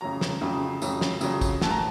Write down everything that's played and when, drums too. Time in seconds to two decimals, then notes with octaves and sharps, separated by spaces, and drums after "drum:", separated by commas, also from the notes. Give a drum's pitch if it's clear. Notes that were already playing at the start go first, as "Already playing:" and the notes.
0.01 F2 C#3 F#3 A#5
0.21 drum: snare
0.41 F2 C#3 F#3
0.82 F2 C#3 F#3, drum: tambourine
1.01 drum: snare
1.21 F2 C#3 F#3, drum: tambourine
1.41 drum: kick, tambourine
1.61 A2 E3 A5, drum: snare
1.70 A#5